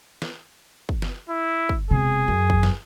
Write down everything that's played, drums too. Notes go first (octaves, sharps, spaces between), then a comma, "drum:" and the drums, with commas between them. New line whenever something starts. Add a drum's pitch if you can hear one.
drum: snare
drum: kick
drum: snare
E4
drum: kick
E1 C3 G#4
F#2
drum: kick
drum: snare